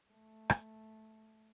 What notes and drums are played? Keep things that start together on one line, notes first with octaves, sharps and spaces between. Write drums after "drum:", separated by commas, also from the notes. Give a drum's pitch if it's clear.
A3
drum: rim click